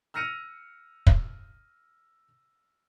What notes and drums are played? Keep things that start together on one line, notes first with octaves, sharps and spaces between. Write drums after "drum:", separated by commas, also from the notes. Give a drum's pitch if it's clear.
E6 F6 A#6 C#7 D#7 F7
drum: kick